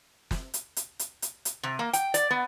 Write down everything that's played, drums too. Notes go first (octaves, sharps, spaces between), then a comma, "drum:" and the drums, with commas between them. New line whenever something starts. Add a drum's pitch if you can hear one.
drum: snare
drum: hi-hat
drum: hi-hat
drum: hi-hat
drum: hi-hat
drum: hi-hat
C3
A#3
G5, drum: hi-hat
D5, drum: hi-hat
B3